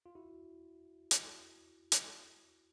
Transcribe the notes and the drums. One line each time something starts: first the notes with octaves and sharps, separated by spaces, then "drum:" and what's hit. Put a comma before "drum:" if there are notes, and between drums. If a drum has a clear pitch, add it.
F4
E4 F#4
drum: hi-hat
drum: hi-hat